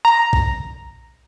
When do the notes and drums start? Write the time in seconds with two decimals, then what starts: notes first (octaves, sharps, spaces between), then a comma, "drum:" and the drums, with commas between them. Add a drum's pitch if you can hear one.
0.05 A#5
0.33 drum: kick A#1